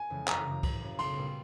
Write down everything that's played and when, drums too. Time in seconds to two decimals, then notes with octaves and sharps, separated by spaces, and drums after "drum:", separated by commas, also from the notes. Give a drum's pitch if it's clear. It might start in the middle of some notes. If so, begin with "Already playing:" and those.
Already playing: A#3 G#5
0.10 F2 C#3 E3 G#3
0.28 F#1 A#5, drum: clap
0.46 F#2 C#3
0.63 F#1, drum: kick C2, cymbal
0.81 F#2 C#3
0.99 B1 C6, drum: cymbal
1.17 A#2 G3 B3